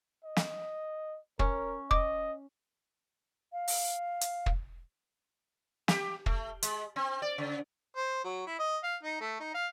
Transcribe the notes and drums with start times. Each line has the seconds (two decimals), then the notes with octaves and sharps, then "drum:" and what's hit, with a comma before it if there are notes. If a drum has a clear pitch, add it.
0.24 D#5
0.36 drum: snare
1.39 C#4 A#4, drum: kick
1.91 D#5 D6, drum: kick
3.53 F5
3.68 drum: open hi-hat
4.21 drum: hi-hat
4.46 drum: kick
5.88 G4, drum: snare
6.26 A3, drum: kick
6.63 G#3, drum: hi-hat
6.96 C4
7.22 D5
7.38 C#3
7.96 C5
8.25 F#3
8.47 E4
8.59 D#5
8.84 F5
9.03 D#4
9.21 A3
9.40 D#4
9.54 F5